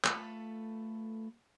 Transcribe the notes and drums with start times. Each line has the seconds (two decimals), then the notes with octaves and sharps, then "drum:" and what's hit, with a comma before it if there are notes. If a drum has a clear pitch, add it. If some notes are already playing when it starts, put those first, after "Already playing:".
0.04 A3 F4 A4 B4, drum: clap